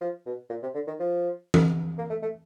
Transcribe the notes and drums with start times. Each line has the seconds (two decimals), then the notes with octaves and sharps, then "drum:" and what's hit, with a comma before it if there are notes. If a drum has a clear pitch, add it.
0.01 F3
0.26 B2
0.50 A#2
0.63 C3
0.74 D3
0.87 D#3
1.00 F3
1.54 drum: tom E3
1.98 A#3
2.10 A3
2.22 A3